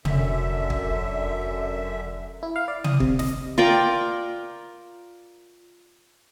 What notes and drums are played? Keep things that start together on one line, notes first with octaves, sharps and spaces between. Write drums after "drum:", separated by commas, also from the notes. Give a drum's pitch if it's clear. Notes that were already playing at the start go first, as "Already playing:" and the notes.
F1 F#2 D3 E5, drum: tom
drum: kick
E4
F5
D5
D#6, drum: tom
C3, drum: kick
D#5, drum: snare
F4 A#4 D5 G5